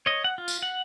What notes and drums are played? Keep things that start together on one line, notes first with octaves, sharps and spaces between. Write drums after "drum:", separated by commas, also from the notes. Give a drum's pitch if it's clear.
C#5 D#5
F#5
F4
drum: tambourine
F#5